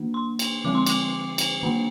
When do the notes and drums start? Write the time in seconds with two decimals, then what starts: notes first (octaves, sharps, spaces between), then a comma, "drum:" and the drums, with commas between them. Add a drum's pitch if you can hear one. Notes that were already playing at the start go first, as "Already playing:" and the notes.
Already playing: D#3 A#3 D4
0.14 C6
0.39 drum: cymbal
0.64 D3 F3 G#3 C4 D6
0.75 C6
0.86 D6, drum: cymbal
1.38 drum: cymbal
1.63 D#3 A#3 D4